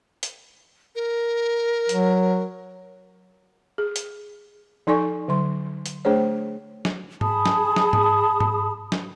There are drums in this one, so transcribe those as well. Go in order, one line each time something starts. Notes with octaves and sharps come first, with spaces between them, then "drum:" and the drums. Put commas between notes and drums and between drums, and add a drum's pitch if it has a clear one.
drum: hi-hat
A#4
F#3, drum: hi-hat
G#4
drum: hi-hat
F3 D#4 A4 D5 G#5 C#6
D3 F#3 C6
drum: hi-hat
A3 D4 G#4 C5 C#5
drum: snare
G#4 A5 B5 D#6, drum: tom G#2
drum: snare
drum: snare
drum: tom G#2
drum: tom G#2
drum: snare